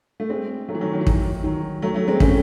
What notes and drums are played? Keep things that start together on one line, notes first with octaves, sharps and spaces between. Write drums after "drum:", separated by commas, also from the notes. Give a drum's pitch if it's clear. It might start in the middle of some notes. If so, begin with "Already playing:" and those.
A3
G#3 C4
F#3 A3
E3
D#3 F#3
D#3 F#3
E3
D#3, drum: kick
D#3 F#3
F#3 A3
F#3 A3
G#3 C4
A3 C#4, drum: kick